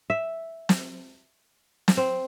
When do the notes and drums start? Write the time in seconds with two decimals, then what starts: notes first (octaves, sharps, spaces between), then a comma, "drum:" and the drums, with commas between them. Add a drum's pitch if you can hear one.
0.10 E5
0.69 drum: snare
1.88 drum: snare
1.97 C4